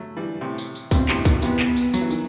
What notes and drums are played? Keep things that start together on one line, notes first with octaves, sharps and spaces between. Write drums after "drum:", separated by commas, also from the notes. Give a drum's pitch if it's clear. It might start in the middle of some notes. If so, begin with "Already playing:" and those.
Already playing: F#3 A3
E3 G3
A2 C3
drum: tambourine
drum: tambourine
G2 B2 C4, drum: kick, tambourine
A2 C3, drum: clap
B2 D#3, drum: kick, tambourine
C3 E3 B3, drum: tambourine
drum: clap
drum: tambourine
F#3, drum: tambourine
E3
D#3, drum: tambourine